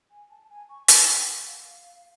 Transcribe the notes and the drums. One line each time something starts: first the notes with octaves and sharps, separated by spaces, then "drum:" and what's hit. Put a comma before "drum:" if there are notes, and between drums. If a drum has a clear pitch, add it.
G#5
A5
G#5
C#6
G#5, drum: hi-hat
G5
G5
F#5
F5